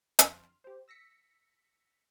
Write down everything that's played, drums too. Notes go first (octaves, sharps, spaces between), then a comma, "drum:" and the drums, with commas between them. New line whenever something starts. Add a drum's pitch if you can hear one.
F2 D3 C6 F6, drum: hi-hat
G4 C5
E6 A#6 B6 C#7